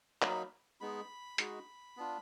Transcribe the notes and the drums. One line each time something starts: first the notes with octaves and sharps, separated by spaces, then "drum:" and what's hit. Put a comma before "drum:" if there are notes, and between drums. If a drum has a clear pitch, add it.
F#3 A#3 D#4 B5, drum: clap
G#3 B3 D#4 B5
G#3 D#4 F#4, drum: hi-hat
B3 D4 F4